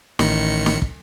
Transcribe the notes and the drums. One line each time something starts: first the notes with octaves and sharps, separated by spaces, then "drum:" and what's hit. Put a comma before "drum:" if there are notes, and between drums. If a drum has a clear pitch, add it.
A1 D#3 C#7, drum: snare
drum: snare
drum: kick